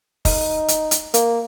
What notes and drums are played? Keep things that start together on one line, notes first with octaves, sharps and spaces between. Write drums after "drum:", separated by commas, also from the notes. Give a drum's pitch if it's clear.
D#4, drum: kick, open hi-hat
drum: hi-hat
drum: hi-hat
A#3, drum: hi-hat